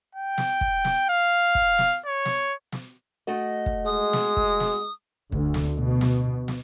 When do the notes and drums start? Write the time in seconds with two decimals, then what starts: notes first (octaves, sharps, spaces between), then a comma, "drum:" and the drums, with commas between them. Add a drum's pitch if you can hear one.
0.15 G5
0.38 drum: snare
0.61 drum: kick
0.85 drum: snare
1.09 F5
1.55 drum: kick
1.78 drum: snare
2.06 C#5
2.25 drum: snare
2.72 drum: snare
3.27 A3 F#4 D#5
3.66 drum: kick
3.86 G#3 D#6
4.13 drum: snare
4.37 drum: kick
4.60 drum: snare
5.32 D2, drum: kick
5.54 drum: snare
5.78 B2
6.01 drum: snare
6.48 drum: snare